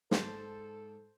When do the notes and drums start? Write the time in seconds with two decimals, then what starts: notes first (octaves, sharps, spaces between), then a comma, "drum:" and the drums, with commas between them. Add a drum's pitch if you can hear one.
0.11 G#2 A4 C5 D5 A5, drum: snare